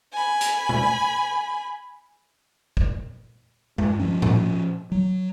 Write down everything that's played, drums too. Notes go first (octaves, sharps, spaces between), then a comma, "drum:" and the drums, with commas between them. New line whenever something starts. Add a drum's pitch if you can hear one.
G#5 B5
drum: hi-hat
drum: tom B2
drum: kick
G2, drum: tom G#3
F3 C#4
drum: tom A2
F#3